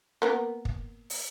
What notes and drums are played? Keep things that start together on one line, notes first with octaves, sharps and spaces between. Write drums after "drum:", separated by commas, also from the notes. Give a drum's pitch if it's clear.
A#3 B3 A#4
drum: kick
drum: open hi-hat